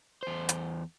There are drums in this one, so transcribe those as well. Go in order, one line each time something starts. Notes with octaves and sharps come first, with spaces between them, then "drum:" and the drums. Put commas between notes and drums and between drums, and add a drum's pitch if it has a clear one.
E2 C5
drum: hi-hat